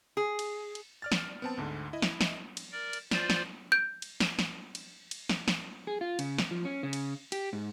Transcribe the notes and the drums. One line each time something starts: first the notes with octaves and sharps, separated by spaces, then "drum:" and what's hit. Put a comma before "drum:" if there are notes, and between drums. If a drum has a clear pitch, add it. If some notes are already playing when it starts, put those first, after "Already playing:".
G#4
drum: cymbal
drum: cymbal
D5 F6 A6
drum: snare
B3 C4 A5
D2 G#2 D3
E4 D#5
drum: snare
drum: snare
drum: cymbal
A#4 D5
drum: cymbal
F4 C5 D5, drum: snare
drum: snare
G6 D7
drum: cymbal
drum: snare
drum: snare
drum: cymbal
drum: cymbal
drum: snare
drum: snare
G#4
F4
C#3, drum: cymbal
drum: snare
F3
C#4
C#3
drum: cymbal
G4, drum: cymbal
G#2